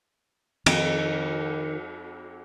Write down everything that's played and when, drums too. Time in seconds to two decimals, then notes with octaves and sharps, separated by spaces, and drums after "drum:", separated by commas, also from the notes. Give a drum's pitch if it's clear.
0.66 F2 D#3, drum: cymbal